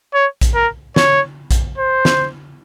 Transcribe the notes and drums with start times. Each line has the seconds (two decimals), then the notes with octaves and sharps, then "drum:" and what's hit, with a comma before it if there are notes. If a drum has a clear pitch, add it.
0.14 C#5
0.41 drum: kick A#1, hi-hat
0.55 A#4
0.96 C#5, drum: snare
1.51 drum: kick A#1, hi-hat
1.78 C5
2.05 drum: snare